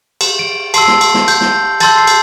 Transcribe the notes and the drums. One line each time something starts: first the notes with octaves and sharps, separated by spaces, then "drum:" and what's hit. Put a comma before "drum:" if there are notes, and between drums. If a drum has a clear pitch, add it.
E7, drum: cymbal
D7
A5 C6 E6 C7, drum: cymbal
drum: snare
drum: cymbal
drum: snare
G6, drum: cymbal
drum: snare
A5 C6 E6 G6 A6, drum: cymbal
C7
drum: cymbal